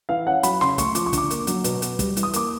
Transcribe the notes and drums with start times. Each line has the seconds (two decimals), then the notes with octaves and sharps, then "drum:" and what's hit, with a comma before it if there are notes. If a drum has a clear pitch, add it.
0.09 E3 F5
0.27 C#4 F#5
0.43 F#3 B5, drum: hi-hat
0.61 C#3 C6, drum: snare
0.78 A3 C#6, drum: kick, hi-hat
0.95 F3 D6, drum: hi-hat
1.06 C#6
1.13 D3, drum: kick, hi-hat
1.18 D6
1.31 A#3, drum: hi-hat
1.47 F#3, drum: hi-hat
1.64 B2, drum: hi-hat
1.82 B3, drum: hi-hat
1.99 G3, drum: kick, hi-hat
2.17 E3, drum: hi-hat
2.23 D#6
2.33 A#3 D6, drum: hi-hat